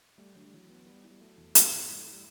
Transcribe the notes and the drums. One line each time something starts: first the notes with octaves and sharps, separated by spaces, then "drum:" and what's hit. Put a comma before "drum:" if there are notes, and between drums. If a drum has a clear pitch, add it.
G3 A3
D3 F#3
G3
E3 F#3
B3
G3 B3
E4
G3
F#3 A3
E2
G2, drum: hi-hat
E3
G3 E4
A3
E4
G3